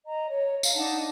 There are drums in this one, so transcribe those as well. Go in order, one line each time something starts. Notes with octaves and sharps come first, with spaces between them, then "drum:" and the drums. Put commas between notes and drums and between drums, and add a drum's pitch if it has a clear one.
D#5 A#5
C#5
F5, drum: tambourine
D4 D#4 F#5 A5